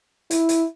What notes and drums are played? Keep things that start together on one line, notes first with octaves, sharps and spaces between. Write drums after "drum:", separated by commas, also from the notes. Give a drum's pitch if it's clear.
E4, drum: hi-hat
drum: hi-hat